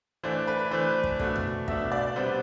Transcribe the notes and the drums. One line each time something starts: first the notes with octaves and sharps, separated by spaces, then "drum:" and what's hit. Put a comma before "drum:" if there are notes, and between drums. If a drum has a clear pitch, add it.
E3 A3 D4 C5
B4
E3 A3 D4 C5
drum: kick
B2 A3 D4, drum: kick
drum: tom E2
B2 A3 D4 E5, drum: kick
D5
C3 G3 B3 D4 C5